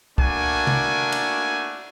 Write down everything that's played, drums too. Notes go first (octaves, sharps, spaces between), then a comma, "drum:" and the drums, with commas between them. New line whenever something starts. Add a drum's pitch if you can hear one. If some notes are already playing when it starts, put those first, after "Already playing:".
A3 A#3 D4 F#4 G#5, drum: kick C2
drum: tom C3
drum: cymbal